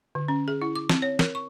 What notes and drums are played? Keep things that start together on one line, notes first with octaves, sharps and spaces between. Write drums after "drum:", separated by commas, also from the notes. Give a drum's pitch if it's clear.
D3
C#4
G#4
E4
D6
C4, drum: snare
C#5
A#4, drum: snare
C#6